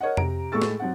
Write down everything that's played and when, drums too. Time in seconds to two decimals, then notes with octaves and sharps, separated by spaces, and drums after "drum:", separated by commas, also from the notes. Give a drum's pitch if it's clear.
0.01 A#4 C#5 D#5 F#5
0.17 C3 G4 A#5 D7, drum: tom F2
0.52 A2 G#3 A4 C#6 E6 A6
0.62 drum: snare
0.80 F#2 C4 F#5